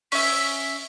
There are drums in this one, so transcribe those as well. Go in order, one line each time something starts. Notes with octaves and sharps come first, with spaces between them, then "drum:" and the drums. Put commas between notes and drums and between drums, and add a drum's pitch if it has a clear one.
C#4 E5, drum: open hi-hat